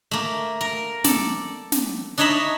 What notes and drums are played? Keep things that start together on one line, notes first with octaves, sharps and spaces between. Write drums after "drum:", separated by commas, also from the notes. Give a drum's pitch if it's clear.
A3 A#3
A#4
A4 D5, drum: snare
drum: snare
D4 D#4 C#5 D#5 E5 B5